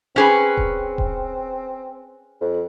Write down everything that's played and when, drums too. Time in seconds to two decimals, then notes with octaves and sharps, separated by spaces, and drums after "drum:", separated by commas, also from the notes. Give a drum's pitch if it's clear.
0.16 C4 C#4 G#4 B4
0.57 drum: kick D#1
0.98 drum: kick D#1
2.41 F2